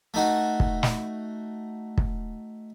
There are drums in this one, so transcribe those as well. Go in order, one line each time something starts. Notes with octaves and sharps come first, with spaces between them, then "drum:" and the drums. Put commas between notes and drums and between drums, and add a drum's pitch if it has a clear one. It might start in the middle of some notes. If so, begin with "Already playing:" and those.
A3 D#4 F#4
drum: kick
drum: snare
drum: kick